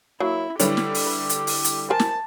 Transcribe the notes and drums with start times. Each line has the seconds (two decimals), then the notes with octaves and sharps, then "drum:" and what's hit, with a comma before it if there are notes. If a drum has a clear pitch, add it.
0.20 F#3 A#3 E4
0.59 D3 G3 E4 G4 B4 C#5 D5, drum: hi-hat
0.77 drum: snare
0.94 drum: open hi-hat
1.06 B4
1.29 drum: hi-hat
1.47 drum: open hi-hat
1.64 drum: hi-hat
1.90 A#4 C5 G#5 A5
1.99 drum: snare